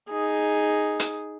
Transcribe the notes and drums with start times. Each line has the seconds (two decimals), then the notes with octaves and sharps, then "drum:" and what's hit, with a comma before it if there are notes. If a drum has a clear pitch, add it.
0.10 D#4 G#4
1.00 drum: hi-hat